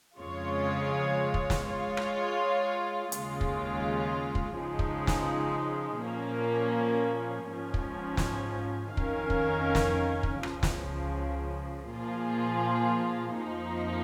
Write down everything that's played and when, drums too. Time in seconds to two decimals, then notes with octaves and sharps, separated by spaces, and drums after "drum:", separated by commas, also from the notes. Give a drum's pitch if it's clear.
0.19 F2 C#3 G#3 F4 C#5
1.34 drum: kick
1.50 drum: snare
1.66 G#3 F4 C#5
1.97 drum: rim click
3.12 D#2 C#3 G#3 F4, drum: hi-hat
3.41 drum: kick
4.35 drum: kick
4.58 C#3 F3 G#3 D#4
4.79 drum: kick
5.07 drum: snare
6.04 A#2 F3 A#3 C#4
7.51 G#2 F3 C#4
7.74 drum: kick
8.17 drum: snare
8.97 F2 D#3 C#4 A#4 F5, drum: kick
9.30 drum: kick
9.75 drum: snare
10.23 drum: kick
10.43 C#2 C#3 F3, drum: rim click
10.63 drum: snare
11.89 A#2 F3 A#3 F4 G#4
13.36 F2 F3 A#3 D#4